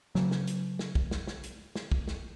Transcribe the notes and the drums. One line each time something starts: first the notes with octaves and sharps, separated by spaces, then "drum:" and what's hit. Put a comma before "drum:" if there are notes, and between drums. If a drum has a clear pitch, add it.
C#3 F#3, drum: snare
drum: snare
drum: hi-hat
drum: snare
drum: kick
drum: snare
drum: snare
drum: hi-hat
drum: snare
drum: kick
drum: snare